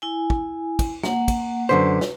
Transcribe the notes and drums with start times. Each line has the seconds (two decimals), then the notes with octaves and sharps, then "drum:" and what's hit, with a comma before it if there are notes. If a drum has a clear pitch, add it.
0.02 E4 G#5
0.30 drum: kick
0.79 drum: kick, cymbal
1.03 A#3 F#5, drum: snare
1.28 drum: kick, cymbal
1.69 F#2 D3 B4 C5
2.01 drum: snare